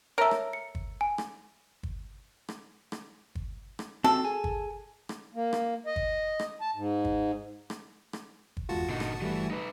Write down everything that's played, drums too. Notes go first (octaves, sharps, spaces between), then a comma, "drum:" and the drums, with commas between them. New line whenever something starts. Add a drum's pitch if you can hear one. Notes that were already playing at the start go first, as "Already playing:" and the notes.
A4 A#4 C#5 E5
drum: rim click
C#7
drum: kick
G#5
drum: rim click
drum: kick
drum: rim click
drum: rim click
drum: kick
drum: rim click
C4 F#4 A4
G#4 G#5
drum: kick
drum: rim click
A#3
drum: rim click
D#5
drum: kick
drum: rim click
A5
G#2
drum: kick
drum: rim click
drum: rim click
drum: kick
G1 E2 G#3 F4 F#4 A5
A#2 D3 D#4
drum: rim click
D#3 E3 G3 A3
D#4 B4